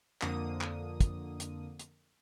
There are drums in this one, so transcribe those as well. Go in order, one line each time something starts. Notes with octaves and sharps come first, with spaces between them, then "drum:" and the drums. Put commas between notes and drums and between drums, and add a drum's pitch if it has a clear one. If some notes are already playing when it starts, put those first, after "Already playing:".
F2 D3 A#3 D#6, drum: clap
drum: clap
drum: kick, hi-hat
drum: hi-hat
drum: hi-hat